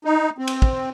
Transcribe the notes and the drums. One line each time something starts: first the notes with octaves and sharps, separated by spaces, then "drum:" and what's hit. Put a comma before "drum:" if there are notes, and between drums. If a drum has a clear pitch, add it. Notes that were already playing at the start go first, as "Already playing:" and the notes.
D#4
C4
drum: cymbal
drum: kick